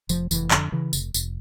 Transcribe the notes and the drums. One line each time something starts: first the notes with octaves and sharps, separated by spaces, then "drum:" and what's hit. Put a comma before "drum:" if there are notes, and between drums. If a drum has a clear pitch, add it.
F1 F3, drum: tambourine
F1 E3, drum: tambourine
F2 D3, drum: clap
C#3 E3
F1, drum: tambourine
F1, drum: tambourine